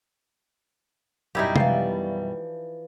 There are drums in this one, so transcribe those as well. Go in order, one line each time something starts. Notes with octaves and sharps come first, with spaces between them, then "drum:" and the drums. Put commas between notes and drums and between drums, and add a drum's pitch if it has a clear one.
F#2 B2 G3 D#4 E4 G4
E3 F3 D5 F5, drum: tom C3